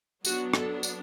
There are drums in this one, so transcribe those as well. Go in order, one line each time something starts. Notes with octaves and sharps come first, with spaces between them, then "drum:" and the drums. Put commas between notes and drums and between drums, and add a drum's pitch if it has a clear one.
F#3 B3 D4 F#4, drum: tambourine
A4, drum: rim click
drum: tambourine